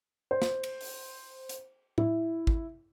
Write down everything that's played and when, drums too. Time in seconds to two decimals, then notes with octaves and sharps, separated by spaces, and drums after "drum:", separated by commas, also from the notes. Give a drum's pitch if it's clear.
0.31 C5
0.42 drum: snare
0.63 drum: cymbal
0.81 drum: open hi-hat
1.49 drum: hi-hat
1.98 E4, drum: tom A2
2.47 drum: kick